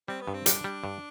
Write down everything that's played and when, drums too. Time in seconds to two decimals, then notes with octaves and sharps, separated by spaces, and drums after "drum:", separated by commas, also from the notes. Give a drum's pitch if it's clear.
0.08 G3 C4
0.21 B3
0.28 G2
0.34 C4
0.46 G3 D4, drum: hi-hat
0.64 G3
0.84 G2